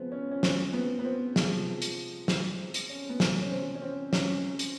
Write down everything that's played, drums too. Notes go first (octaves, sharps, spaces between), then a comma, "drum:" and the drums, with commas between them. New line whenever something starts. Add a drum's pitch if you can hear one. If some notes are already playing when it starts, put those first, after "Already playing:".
Already playing: C#3 F3 G#3 B3 C4
C#4
C#4
C4, drum: snare
B3
B3
C4
C3 F3 G#3, drum: snare
drum: hi-hat
C4, drum: snare
drum: hi-hat
C#4
B3
C3 E3 G3 C4, drum: snare
C#4
C4
C#4
C4
C#4, drum: snare
drum: hi-hat